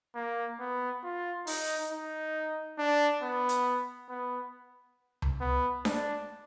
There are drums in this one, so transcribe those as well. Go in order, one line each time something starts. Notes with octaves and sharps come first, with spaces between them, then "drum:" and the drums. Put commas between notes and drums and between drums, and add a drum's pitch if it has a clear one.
A#3
B3
F4
D#4, drum: open hi-hat
D#4
D4
B3
drum: hi-hat
B3
drum: tom C#2
B3
D4, drum: snare D4